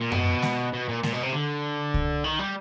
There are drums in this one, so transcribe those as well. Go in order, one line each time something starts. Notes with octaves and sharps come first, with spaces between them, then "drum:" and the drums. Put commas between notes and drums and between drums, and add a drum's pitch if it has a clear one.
A#2
B2, drum: tom F#2
drum: snare G#3
B2
A#2
A#2, drum: snare G#3
B2
C3
D3
drum: kick C2
D#3
G3